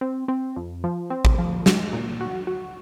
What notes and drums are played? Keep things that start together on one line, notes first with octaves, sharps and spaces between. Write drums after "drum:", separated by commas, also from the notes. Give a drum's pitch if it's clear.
C4
C4
F2
F3
C4
drum: kick A1
F3
G#3, drum: snare
A#2
F#4
F#4